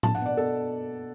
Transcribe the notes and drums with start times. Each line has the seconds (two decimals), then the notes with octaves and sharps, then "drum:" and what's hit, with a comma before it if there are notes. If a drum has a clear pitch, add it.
0.03 D4 A5, drum: tom A2
0.15 F#5
0.21 B2 D5
0.37 B2 A4